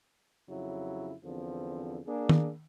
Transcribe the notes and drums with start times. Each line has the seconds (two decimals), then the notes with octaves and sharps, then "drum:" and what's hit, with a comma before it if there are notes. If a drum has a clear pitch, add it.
0.48 F2 C#3 F#3 E4
1.23 E2 D3 F3 C4
2.06 A#3 D4 G#4
2.29 drum: tom D#3